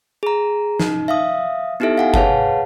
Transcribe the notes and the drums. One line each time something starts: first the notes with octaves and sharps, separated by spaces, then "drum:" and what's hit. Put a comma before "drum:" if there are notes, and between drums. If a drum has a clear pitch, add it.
G#4 A#5
D#4, drum: snare
E5 F5 D#6
B3 D#4 E4 G4 A4 E5
F5 F#5 G#5
G#4 B4 C#5 F5 F#5 A5, drum: kick G1